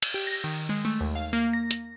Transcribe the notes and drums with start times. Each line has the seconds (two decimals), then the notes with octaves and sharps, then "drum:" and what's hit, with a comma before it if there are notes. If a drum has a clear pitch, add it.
0.02 drum: cymbal
0.14 G4
0.27 A#6
0.44 D#3
0.69 G#3
0.85 A3
1.01 D#2
1.15 F5
1.33 A#3
1.53 A#6
1.71 drum: hi-hat